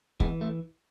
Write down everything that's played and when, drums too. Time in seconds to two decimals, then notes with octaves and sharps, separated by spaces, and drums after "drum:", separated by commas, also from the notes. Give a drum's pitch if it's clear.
0.20 E3 G#3 B3, drum: kick
0.41 A3